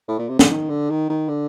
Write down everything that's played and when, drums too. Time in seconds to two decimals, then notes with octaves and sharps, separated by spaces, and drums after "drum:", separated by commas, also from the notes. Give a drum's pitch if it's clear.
0.08 A2
0.19 A#2
0.29 C3
0.39 D3, drum: snare
0.51 D#3
0.69 D3
0.90 D#3
1.09 D#3
1.28 D3